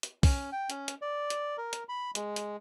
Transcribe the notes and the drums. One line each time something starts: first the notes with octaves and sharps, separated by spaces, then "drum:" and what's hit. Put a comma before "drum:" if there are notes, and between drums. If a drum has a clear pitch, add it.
drum: hi-hat
C#4, drum: kick B1, open hi-hat
G5
C#4, drum: hi-hat
drum: hi-hat
D5
drum: hi-hat
A#4
drum: hi-hat
B5
G#3, drum: hi-hat
drum: hi-hat